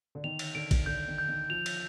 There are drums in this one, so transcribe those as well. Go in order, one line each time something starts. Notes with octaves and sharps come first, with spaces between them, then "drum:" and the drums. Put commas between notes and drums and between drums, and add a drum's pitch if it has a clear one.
D3
D#3 F7
drum: cymbal
D3 D7
drum: kick, cymbal
D3 G6
D#3
G6
D#3
F3 F7
drum: cymbal